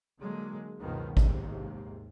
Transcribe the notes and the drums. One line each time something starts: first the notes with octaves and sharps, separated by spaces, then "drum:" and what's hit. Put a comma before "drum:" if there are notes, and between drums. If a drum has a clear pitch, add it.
D3 F#3 G#3 A#3
C#2 F#2 B2 D#3 F3 B3
D#2 G#2 C3, drum: kick